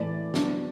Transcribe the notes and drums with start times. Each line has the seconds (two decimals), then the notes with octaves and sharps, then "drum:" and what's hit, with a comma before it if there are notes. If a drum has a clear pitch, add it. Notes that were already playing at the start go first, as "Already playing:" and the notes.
Already playing: A2 E3 A3 D5
0.34 F#3 B3 D4, drum: snare